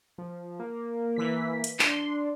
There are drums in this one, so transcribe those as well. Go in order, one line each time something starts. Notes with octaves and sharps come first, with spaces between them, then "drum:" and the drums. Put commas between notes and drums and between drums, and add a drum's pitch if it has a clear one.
F3
A#3
E3 B6
drum: hi-hat
D4 C6, drum: clap